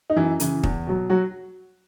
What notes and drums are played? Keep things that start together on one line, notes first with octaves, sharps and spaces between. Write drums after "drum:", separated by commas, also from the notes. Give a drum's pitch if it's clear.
D#4
F#2 E3 E4
C#3 E3, drum: hi-hat
E2, drum: kick
B2 F#3
F#3 F#4